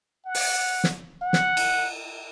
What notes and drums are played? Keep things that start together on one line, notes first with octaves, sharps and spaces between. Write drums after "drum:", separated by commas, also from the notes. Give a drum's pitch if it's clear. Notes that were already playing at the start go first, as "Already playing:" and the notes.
F#5
drum: open hi-hat
drum: snare
F#5
drum: snare
drum: cymbal